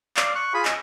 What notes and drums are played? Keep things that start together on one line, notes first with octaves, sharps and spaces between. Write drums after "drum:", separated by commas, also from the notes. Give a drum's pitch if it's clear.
D5 F5, drum: clap
C#6 F#6
F4 G#4 G#5 B5
D#5 G#5, drum: clap